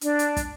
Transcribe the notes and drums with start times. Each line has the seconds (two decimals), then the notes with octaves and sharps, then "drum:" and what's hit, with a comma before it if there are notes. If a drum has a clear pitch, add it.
0.01 D4, drum: hi-hat
0.19 drum: hi-hat
0.37 drum: kick, hi-hat